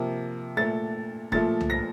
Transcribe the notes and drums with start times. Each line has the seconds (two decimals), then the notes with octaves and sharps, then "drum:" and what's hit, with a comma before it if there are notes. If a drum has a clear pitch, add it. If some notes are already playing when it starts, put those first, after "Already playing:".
Already playing: C3 F3 A#3
0.57 A#2 A3 A6
1.32 A#2 F3 A3 A6, drum: kick E1
1.61 drum: tom C2
1.70 A#6